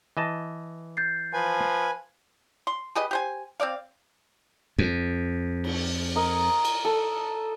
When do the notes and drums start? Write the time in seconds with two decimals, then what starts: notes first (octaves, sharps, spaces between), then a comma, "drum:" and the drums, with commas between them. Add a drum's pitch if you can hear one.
0.17 E3 D#5 A5
0.97 G6 A6 C7
1.33 F3 B4 G#5
2.67 C6
2.95 G4 G#4 B4 D#5
3.11 G4 C5 G#5
3.60 C4 C#4 D5 F5
4.78 F2
5.64 drum: cymbal
6.16 A#4 D#5
6.65 drum: cymbal
6.85 A4